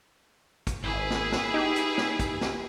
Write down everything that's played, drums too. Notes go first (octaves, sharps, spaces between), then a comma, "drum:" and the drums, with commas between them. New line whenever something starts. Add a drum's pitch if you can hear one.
drum: kick, hi-hat
G#1 E4 G#4 B4
drum: snare
drum: snare
D#4 G4
drum: hi-hat
drum: snare
drum: kick, hi-hat
drum: snare